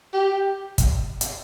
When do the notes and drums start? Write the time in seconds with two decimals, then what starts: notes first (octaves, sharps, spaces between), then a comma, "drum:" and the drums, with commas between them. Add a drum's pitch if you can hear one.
0.14 G4
0.78 drum: kick, hi-hat
1.21 drum: hi-hat